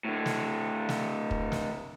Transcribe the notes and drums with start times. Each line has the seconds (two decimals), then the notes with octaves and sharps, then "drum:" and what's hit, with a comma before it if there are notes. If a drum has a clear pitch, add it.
0.05 A2 D3
0.26 drum: snare
0.89 drum: snare
1.31 drum: kick
1.52 drum: snare